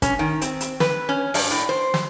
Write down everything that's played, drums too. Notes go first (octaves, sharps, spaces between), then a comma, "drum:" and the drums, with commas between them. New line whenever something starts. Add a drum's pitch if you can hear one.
C#4, drum: kick, hi-hat
D#3
C4, drum: hi-hat
drum: hi-hat
B4, drum: snare
C#4
G2, drum: open hi-hat
A2
C5
drum: snare